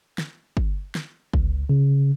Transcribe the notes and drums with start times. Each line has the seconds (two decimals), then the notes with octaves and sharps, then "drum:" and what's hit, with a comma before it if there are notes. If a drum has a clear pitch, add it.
0.18 drum: snare
0.57 drum: kick G1
0.95 drum: snare
1.33 C#2, drum: kick G1
1.69 C#3